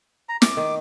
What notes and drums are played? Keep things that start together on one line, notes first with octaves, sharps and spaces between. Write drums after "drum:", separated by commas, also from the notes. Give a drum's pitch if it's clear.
A#5
D6, drum: snare
D#3